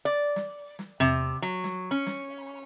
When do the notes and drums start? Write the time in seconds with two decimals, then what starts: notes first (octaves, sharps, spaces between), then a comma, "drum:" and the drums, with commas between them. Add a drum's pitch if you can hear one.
0.05 D5
0.36 drum: snare
0.79 drum: snare
1.00 C3, drum: tom E2
1.42 F#3
1.64 drum: snare
1.91 C#4
2.06 drum: snare